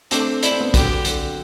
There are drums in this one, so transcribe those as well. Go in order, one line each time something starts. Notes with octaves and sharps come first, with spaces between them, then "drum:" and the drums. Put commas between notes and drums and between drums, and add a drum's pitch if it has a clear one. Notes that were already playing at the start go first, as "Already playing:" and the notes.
A3 C4 D4, drum: hi-hat
D4 E4, drum: hi-hat
C4
B3 D4
D3 F#3 G4, drum: kick, hi-hat
D3, drum: hi-hat